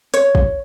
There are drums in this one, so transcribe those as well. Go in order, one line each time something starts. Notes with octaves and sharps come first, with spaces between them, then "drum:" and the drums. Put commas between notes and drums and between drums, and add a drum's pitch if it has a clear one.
C#5, drum: hi-hat
drum: kick